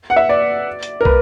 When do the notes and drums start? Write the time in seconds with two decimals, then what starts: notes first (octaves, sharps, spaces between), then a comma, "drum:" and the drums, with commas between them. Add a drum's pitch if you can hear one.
0.10 F#5
0.16 E5
0.29 D5
0.83 drum: hi-hat
1.01 A#4
1.05 B4, drum: kick